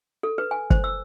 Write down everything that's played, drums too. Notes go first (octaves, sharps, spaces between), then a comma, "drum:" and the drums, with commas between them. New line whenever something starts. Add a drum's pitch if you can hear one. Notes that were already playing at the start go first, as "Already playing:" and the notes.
A4
B4
G#5
C5, drum: kick
E6